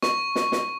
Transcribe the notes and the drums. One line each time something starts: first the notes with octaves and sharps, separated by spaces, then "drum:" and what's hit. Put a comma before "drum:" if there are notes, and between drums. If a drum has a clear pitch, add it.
C#6, drum: snare
drum: snare
drum: snare